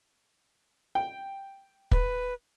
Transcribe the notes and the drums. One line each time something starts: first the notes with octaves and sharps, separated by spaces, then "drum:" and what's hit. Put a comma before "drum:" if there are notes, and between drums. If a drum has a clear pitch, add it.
G5
B4, drum: kick